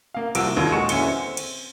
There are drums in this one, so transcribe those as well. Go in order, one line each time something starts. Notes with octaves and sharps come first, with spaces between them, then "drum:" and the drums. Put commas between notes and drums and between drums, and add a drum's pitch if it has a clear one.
A#3 F5
C2 C3 F3 F#4 E6 D7, drum: cymbal
D#2 D#3 F4 A4 G#6
A#2 G#3 F#4 C#6 C#7 E7
E2 D3 C#4 E5 C#7 G7, drum: cymbal
C4
drum: cymbal